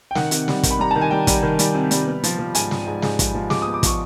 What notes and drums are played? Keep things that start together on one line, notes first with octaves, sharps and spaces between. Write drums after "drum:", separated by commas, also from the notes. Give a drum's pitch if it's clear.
G5
D#3 F#5, drum: snare
C3, drum: hi-hat
G3, drum: snare
D#3, drum: kick, hi-hat
B5
G3 A#5
D#3 A5
G#5
G3 G5
G3, drum: kick, hi-hat
D#3
G3, drum: hi-hat
C3
G3, drum: hi-hat
B3
F3, drum: hi-hat
F3
G#2 G#5, drum: hi-hat
G#2, drum: snare
G#2
G#2, drum: snare
F3, drum: kick, hi-hat
F3
G#3 D6, drum: snare
D#6
B3
D6
F3 C#6, drum: kick, hi-hat